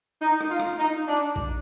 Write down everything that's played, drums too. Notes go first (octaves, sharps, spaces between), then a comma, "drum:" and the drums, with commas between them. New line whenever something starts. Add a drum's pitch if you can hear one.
D#4
drum: rim click
F4
drum: rim click
D#4
D4
drum: hi-hat
drum: kick A1